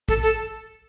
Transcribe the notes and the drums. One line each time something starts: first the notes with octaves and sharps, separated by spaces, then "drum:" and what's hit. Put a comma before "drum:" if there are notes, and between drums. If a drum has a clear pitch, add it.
A4, drum: kick
A4